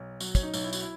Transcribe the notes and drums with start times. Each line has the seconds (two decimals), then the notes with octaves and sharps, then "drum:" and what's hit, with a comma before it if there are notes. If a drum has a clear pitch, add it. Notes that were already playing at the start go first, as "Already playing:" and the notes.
Already playing: B1
0.20 F#3 F#4, drum: tambourine
0.35 C#4, drum: kick, tambourine
0.43 D#4
0.54 B1, drum: tambourine
0.64 E4
0.73 F#4, drum: tambourine
0.80 E4